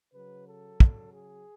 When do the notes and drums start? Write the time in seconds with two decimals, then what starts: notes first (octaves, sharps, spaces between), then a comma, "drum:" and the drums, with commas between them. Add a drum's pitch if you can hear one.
0.12 C#3 F#3 B4
0.46 A4
0.80 C#3 F#3, drum: kick
1.13 G#4